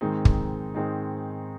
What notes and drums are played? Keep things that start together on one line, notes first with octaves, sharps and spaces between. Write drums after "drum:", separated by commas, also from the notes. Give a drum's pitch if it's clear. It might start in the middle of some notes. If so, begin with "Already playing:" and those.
G#2 D#3 G#3 C4 D#4
drum: kick
G#2 D#3 G#3 C4 D#4